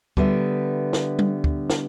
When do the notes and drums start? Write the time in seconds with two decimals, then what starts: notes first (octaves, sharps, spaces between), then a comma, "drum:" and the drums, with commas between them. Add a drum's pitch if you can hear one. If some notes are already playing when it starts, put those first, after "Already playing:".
0.17 D3 G3 B3 E5, drum: kick
0.93 drum: snare
1.19 drum: tom G3
1.44 drum: kick
1.70 drum: snare